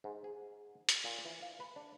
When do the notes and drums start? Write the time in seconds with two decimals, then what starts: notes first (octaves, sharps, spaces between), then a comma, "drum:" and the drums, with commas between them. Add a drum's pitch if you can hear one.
0.04 G#2
0.24 G#4
0.89 drum: hi-hat
1.04 A#2
1.25 E3
1.42 F5
1.60 B4
1.76 D4